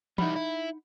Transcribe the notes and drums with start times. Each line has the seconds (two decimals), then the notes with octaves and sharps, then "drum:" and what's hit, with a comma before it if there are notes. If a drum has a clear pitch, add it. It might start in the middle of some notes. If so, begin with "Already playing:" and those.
0.18 G3 D#4 E4 F#5 B5, drum: tom E3
0.36 E4